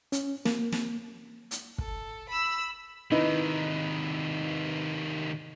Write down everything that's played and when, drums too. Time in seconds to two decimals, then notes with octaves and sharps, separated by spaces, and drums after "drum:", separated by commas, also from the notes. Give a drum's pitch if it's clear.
0.12 C#4, drum: hi-hat
0.45 A#3, drum: snare
0.72 drum: snare
1.51 drum: hi-hat
1.78 A4, drum: kick
2.29 B5 E6
3.12 C3 D#3 D#4 E4 B4